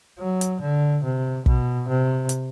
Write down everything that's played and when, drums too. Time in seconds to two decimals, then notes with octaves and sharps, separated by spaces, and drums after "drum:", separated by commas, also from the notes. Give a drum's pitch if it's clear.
0.19 F#3
0.41 drum: hi-hat
0.61 D3
1.04 C3
1.46 B2, drum: kick
1.88 C3
2.29 drum: hi-hat